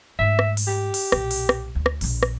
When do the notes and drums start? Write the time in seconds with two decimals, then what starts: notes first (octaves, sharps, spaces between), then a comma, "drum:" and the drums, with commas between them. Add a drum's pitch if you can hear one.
0.19 G#2 A3 E5
0.39 drum: rim click
0.57 drum: open hi-hat
0.67 G4
0.94 drum: open hi-hat
1.12 B1 A#2, drum: rim click
1.31 drum: open hi-hat
1.49 drum: rim click
1.75 D2
1.86 drum: rim click
2.01 A#1 D3, drum: open hi-hat
2.23 drum: rim click